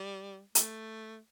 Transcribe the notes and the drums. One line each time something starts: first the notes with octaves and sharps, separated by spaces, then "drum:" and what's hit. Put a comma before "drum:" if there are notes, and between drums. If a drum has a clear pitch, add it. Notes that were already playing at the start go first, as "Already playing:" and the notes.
Already playing: G3
A3, drum: hi-hat